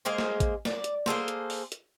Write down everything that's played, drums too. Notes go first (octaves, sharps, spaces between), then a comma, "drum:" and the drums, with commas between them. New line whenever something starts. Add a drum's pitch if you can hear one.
G#3 A#3 G#4 C5
drum: snare
drum: kick A1, hi-hat
D5, drum: snare
drum: hi-hat
A#3 G#4 A4 C5, drum: snare
drum: hi-hat
drum: open hi-hat
drum: hi-hat